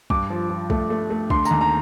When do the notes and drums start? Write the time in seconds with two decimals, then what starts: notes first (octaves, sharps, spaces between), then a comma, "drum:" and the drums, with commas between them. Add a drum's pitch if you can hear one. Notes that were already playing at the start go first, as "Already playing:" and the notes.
0.10 G2 D6, drum: kick
0.30 F3
0.50 F3
0.70 A3, drum: kick
0.90 A3
1.10 A3
1.30 D3 C6, drum: kick
1.45 A#5, drum: tambourine
1.51 D#2
1.61 A#5